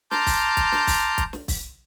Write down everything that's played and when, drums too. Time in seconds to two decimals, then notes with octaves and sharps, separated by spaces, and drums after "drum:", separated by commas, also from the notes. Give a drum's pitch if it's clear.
0.11 A5 A#5 C6 D6 F6 G6, drum: snare
0.27 drum: kick, open hi-hat
0.57 drum: kick, hi-hat
0.72 drum: snare
0.87 drum: kick, open hi-hat
1.18 drum: kick, hi-hat
1.33 drum: snare
1.48 drum: kick, open hi-hat